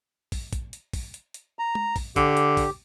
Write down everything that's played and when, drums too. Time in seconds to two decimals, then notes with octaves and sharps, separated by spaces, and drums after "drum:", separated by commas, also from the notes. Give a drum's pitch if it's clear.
0.32 drum: kick, open hi-hat
0.53 drum: kick, hi-hat
0.73 drum: hi-hat
0.93 drum: kick, open hi-hat
1.14 drum: hi-hat
1.34 drum: hi-hat
1.59 A#5
1.75 drum: tom
1.96 drum: kick, open hi-hat
2.16 D3 G4, drum: kick, hi-hat
2.37 drum: hi-hat
2.57 drum: kick, open hi-hat